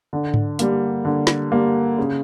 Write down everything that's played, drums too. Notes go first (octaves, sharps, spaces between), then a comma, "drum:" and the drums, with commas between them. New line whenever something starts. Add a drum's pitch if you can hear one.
D3
drum: tom G#2
G3 A#3, drum: hi-hat
D3
drum: snare
G3 A#3
C#3